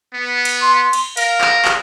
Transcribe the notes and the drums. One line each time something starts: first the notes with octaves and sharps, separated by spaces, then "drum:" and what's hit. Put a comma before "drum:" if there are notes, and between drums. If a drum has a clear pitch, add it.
B3
drum: cymbal
C6
drum: cymbal
A#4 F5, drum: cymbal
drum: clap
drum: clap